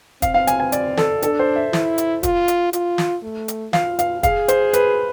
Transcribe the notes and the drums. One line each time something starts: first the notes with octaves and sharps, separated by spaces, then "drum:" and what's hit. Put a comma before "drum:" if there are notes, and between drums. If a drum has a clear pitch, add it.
C4 F5, drum: kick, hi-hat
F5
G#5, drum: hi-hat
G#5
D5, drum: hi-hat
A4, drum: snare
D4 A4, drum: hi-hat
C5
E5
E4, drum: snare
drum: hi-hat
F4, drum: kick, hi-hat
drum: hi-hat
F4, drum: hi-hat
drum: snare
A3
drum: hi-hat
F4 F5, drum: snare
F5, drum: hi-hat
G#4 F5, drum: kick, hi-hat
C5, drum: hi-hat
B4, drum: hi-hat